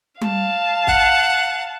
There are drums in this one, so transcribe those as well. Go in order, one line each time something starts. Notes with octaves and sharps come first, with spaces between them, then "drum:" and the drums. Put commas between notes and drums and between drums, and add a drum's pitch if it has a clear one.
F5 A5, drum: tom G3
F#5, drum: kick